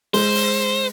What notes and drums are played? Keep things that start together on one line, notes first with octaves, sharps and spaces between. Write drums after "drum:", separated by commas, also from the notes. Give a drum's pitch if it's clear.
G#3 C5, drum: open hi-hat
drum: open hi-hat